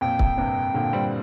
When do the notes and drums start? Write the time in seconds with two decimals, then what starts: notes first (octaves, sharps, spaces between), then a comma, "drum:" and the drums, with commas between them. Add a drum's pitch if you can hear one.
0.01 F2 A#2 G5
0.19 drum: kick
0.37 G2 C3
0.74 A#2 D3
0.93 G3 C4